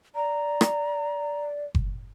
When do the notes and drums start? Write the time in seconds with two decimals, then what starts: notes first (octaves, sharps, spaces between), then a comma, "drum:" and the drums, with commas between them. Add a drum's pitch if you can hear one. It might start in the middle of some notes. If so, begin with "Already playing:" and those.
0.15 D5 A#5
0.61 drum: rim click
1.75 drum: kick F#1